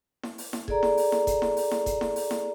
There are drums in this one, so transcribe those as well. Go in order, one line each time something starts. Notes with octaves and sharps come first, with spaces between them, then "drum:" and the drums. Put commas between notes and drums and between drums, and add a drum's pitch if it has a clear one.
drum: snare E4
drum: open hi-hat
drum: snare E4
G#4 A4 D5 A#5, drum: kick E1
drum: snare E4
drum: open hi-hat
drum: snare E4
drum: kick E1, hi-hat
drum: snare E4
drum: open hi-hat
drum: snare E4
drum: kick E1, hi-hat
drum: snare E4
drum: open hi-hat
drum: snare E4